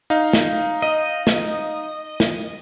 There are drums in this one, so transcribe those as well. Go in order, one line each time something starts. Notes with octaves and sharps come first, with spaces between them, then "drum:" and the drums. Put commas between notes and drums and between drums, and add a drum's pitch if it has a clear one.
D#4 F5
drum: snare
D#5
drum: snare
drum: snare